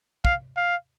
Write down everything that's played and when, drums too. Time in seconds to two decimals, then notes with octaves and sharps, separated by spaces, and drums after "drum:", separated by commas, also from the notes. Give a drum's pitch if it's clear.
0.25 F5, drum: kick
0.57 F5